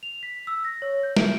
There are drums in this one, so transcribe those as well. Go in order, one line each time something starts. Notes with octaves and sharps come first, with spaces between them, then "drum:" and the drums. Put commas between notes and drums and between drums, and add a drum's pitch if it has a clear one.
F7
B6
E6
A#6
C#5
G6
D7, drum: snare